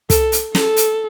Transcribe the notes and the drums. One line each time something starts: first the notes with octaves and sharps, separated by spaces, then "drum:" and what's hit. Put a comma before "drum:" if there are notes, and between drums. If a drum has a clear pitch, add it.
A4, drum: kick, hi-hat
drum: hi-hat
A4, drum: snare
drum: hi-hat